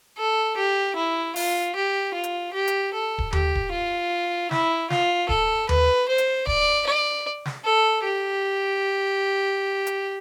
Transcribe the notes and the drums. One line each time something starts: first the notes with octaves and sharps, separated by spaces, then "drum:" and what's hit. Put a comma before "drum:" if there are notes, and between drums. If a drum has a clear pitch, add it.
A4
G4
E4
F4, drum: open hi-hat
G4
F4
drum: hi-hat
G4
drum: hi-hat
A4
drum: kick D1
G4, drum: tom D#2
drum: kick D1
F4
E4, drum: snare
F4, drum: snare
A4, drum: kick D1
B4, drum: tom D#2
C5
drum: hi-hat
D5, drum: kick D1
D5
drum: snare
A4
G4
drum: hi-hat